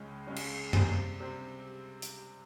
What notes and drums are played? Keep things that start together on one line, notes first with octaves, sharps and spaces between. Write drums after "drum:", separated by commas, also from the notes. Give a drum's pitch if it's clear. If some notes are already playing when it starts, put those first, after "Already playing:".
Already playing: C#2 C#3 G#3 C#4
C#2 C#3 G#3 C#4
drum: cymbal
C3 G3 C4, drum: tom F#2
C3 G3 C4
drum: hi-hat